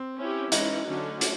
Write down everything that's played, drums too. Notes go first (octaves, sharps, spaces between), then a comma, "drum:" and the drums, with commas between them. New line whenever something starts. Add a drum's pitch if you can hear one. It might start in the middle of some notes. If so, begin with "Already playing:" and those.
Already playing: C4
C#4 E4 G4
E3 G#3 C#4 D#4, drum: hi-hat
D3 F#3 A3 C#4 F#4
drum: hi-hat